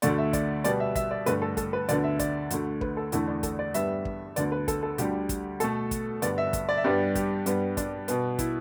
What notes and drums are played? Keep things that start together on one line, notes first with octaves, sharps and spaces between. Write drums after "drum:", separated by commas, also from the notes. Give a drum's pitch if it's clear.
D2 D3 A3 D5, drum: hi-hat
E5
D5, drum: kick, hi-hat
B2 G3 B3 D5, drum: hi-hat
E5
E5, drum: kick, hi-hat
D5
G2 D3 A3 B4, drum: hi-hat
A4
A4, drum: kick, hi-hat
B4
D2 D3 B3 D5, drum: hi-hat
E5
D5, drum: kick, hi-hat
D2 D3 A3, drum: hi-hat
B4, drum: kick
A4
E2 D3 A3 E4, drum: hi-hat
D4
A4, drum: kick, hi-hat
D5
G2 G3 B3 E5, drum: hi-hat
drum: kick
D2 D3 B3 D5, drum: hi-hat
B4
A4, drum: kick, hi-hat
A4
D2 D3 G3 G4, drum: hi-hat
drum: kick, hi-hat
B2 A3 A4, drum: hi-hat
drum: kick, hi-hat
G2 D3 B3 D5, drum: hi-hat
E5
drum: kick, hi-hat
D5
E5
G2 G3 B3 D5
G4, drum: kick, hi-hat
G2 G3 B3, drum: hi-hat
D4, drum: kick, hi-hat
B2 B3, drum: hi-hat
E4, drum: kick, hi-hat